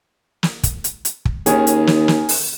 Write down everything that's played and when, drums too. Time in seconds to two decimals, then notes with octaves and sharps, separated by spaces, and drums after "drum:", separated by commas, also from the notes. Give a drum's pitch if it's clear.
0.43 drum: snare
0.63 drum: kick, hi-hat
0.84 drum: hi-hat
1.05 drum: hi-hat
1.25 drum: kick
1.46 D#2 D#3 C#4 G#4, drum: hi-hat
1.67 drum: hi-hat
1.87 drum: snare
2.08 drum: snare
2.29 drum: open hi-hat